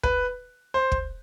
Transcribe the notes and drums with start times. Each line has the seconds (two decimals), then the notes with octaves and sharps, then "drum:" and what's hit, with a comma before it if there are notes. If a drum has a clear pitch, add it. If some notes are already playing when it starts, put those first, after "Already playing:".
0.03 B4, drum: kick
0.74 C5
0.92 drum: kick